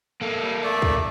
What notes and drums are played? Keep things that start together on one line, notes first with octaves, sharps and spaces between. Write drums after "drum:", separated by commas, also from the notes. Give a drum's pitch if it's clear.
A#3 A4
G3
A3 D5 E5
drum: kick